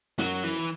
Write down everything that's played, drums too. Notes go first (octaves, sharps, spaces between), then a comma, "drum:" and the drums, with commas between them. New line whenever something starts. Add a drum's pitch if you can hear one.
F#2 F#3, drum: snare
E3
drum: hi-hat